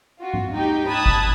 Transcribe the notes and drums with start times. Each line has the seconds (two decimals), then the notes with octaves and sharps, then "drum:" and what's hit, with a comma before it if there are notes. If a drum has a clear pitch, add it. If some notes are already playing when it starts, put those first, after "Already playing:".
0.19 F4 F#4
0.33 drum: tom G#2
0.53 D#4 G4 G5
0.89 A5 B5 D#6 F#6 G#6
1.06 drum: kick G1